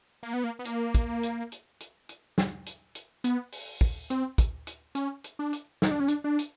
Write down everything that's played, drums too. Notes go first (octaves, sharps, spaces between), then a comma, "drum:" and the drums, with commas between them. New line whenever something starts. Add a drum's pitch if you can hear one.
A#3
B3
A#3
B3
A#3, drum: hi-hat
drum: kick, hi-hat
drum: hi-hat
drum: hi-hat
drum: hi-hat
drum: hi-hat
drum: snare
drum: hi-hat
drum: hi-hat
B3, drum: hi-hat
drum: open hi-hat
drum: kick
C4, drum: hi-hat
drum: kick, hi-hat
drum: hi-hat
C#4, drum: hi-hat
drum: hi-hat
D4
drum: hi-hat
D#4, drum: snare
D4
C#4
D4, drum: hi-hat
D4
drum: hi-hat